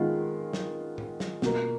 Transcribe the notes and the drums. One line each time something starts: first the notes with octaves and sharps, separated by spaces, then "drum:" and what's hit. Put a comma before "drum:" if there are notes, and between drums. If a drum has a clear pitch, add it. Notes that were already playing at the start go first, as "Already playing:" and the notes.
Already playing: D#3 G#3 B3 F4
drum: snare
drum: tom A2
drum: snare
B2 A#3, drum: snare